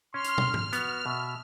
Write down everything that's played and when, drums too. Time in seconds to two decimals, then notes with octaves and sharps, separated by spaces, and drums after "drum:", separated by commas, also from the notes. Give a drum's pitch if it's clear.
0.14 C#4 C6 F6
0.24 drum: hi-hat
0.38 drum: tom
0.54 drum: tom G#2
0.73 B3 F#4, drum: hi-hat
1.06 B2 E5